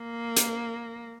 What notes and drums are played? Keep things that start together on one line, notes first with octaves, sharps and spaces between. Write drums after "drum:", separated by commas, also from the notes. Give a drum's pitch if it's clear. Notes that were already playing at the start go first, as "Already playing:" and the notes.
Already playing: A#3
drum: hi-hat